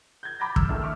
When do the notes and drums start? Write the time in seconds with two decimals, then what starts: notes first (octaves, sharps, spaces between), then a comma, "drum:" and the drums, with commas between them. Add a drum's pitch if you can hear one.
0.23 G6 G#6
0.39 A#5 B5 D6 G6 A6 A#6
0.56 E6 F6, drum: kick
0.68 D#3 A3 D4 E4
0.82 E5 C#6 D6 F6